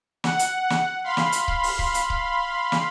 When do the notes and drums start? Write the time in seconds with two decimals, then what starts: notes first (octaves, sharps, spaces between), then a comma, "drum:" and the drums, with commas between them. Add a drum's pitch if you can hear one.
0.24 F#5, drum: snare
0.39 drum: hi-hat
0.70 drum: snare
1.04 F5 B5 C6
1.17 drum: snare
1.32 drum: hi-hat
1.48 drum: kick C#1
1.63 drum: open hi-hat
1.79 drum: kick C#1
1.94 drum: hi-hat
2.10 drum: kick C#1
2.72 drum: snare